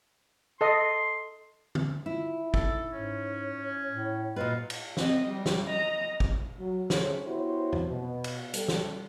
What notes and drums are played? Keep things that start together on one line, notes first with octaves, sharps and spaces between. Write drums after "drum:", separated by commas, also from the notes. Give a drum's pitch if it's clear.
A4 D#5 C6
drum: tom D3
E4 F4
D#4 A4, drum: kick
G#2 C#4 C#5
A2
A#2 F4 F#4 B4 D#5
drum: cymbal
C4 D#5, drum: snare
G3
drum: snare
D#5 A#5
drum: kick
F#3
D3 G3 G#4 A4 C5 C#5, drum: snare
B3 E4 F#4 G4 C5 C#5
drum: tom E2
B2
drum: cymbal
G3 G4 A4, drum: hi-hat
drum: snare